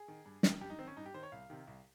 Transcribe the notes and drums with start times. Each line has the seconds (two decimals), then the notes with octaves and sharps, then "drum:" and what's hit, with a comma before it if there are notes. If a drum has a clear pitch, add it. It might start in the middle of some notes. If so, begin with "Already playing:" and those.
Already playing: G#4
0.08 D#3
0.26 G2
0.43 D#3, drum: snare
0.61 G2 G4
0.70 D#4
0.78 D#3 C4
0.87 C#4
0.97 G2 D#4
1.06 G4
1.14 D#3 C5
1.23 C#5
1.32 C2 F5
1.50 C3 D#3
1.67 C2